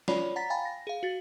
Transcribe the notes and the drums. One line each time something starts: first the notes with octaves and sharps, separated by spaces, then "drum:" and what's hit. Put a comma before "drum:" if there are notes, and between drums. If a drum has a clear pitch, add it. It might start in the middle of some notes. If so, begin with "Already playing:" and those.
F4 C#5 D5 B5, drum: snare
F#5 A#5 A6 B6
F5 G5 G#5 B5 A6
A#6
G#4 F5
F#4 A6